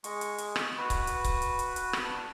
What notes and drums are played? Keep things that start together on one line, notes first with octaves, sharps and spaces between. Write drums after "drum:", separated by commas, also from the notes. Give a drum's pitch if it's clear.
G#3 C#6, drum: hi-hat
drum: hi-hat
drum: hi-hat
drum: rim click
F#4 B4
drum: kick C#1, hi-hat
drum: hi-hat
drum: kick C#1, hi-hat
drum: hi-hat
drum: hi-hat
drum: hi-hat
drum: rim click
D4